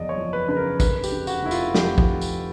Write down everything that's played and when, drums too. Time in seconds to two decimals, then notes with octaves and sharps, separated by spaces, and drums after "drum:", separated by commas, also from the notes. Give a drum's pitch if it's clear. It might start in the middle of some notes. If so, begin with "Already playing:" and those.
Already playing: F#1 E2 F3 D5 D#5
0.09 C#5
0.17 F3
0.33 B4
0.48 C#3 B4
0.57 A#4
0.80 F1 B4, drum: kick, tambourine
1.04 G4, drum: tambourine
1.12 C#3
1.27 F#4, drum: tambourine
1.43 F1 E4
1.51 F4, drum: tambourine
1.74 F2 G4, drum: snare
1.98 drum: kick
2.21 drum: tambourine